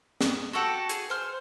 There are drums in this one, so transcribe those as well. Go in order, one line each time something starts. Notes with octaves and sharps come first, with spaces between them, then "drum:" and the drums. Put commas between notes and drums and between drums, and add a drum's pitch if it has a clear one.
D#6, drum: snare
F#4 G4 A4 F#5
G#4, drum: hi-hat
C5 F6